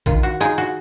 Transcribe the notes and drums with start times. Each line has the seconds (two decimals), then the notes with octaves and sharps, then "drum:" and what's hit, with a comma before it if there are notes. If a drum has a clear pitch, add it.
0.06 D#3 F4, drum: kick A#1
0.23 F#4
0.40 D#4 F4 G#4
0.58 F#4